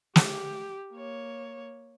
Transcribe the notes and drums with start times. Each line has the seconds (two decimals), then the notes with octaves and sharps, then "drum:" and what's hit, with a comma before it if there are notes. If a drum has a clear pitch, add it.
0.16 G4, drum: snare
0.93 A#3 C#5